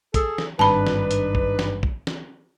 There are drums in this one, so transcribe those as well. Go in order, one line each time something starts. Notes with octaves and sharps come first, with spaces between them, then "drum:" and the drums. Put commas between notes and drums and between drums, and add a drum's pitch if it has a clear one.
G#4 A4, drum: kick, hi-hat
drum: snare
G#1 G2 D4 D#4 B4 A5 B5
drum: snare
drum: hi-hat
drum: kick
drum: snare
drum: kick
drum: snare